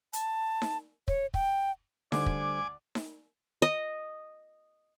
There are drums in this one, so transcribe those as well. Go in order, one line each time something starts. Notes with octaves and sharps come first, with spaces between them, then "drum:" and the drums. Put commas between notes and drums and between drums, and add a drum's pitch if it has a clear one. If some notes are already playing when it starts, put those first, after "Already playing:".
A5, drum: hi-hat
drum: snare D#4
C#5, drum: kick
G5, drum: kick
D2 D3 G3 C5 D5 G#5 D6, drum: snare D#4
drum: kick
drum: snare D#4
D#5